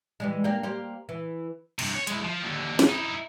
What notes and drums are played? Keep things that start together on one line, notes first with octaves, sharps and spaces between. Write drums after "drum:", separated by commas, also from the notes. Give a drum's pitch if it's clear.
E3 G3 G#3
A#3 D4 G4
A#3 G4 C5
E3
G2 C3, drum: cymbal
C#5
G#3 E4, drum: hi-hat
F3
D#2 D3
drum: snare
D#4 E4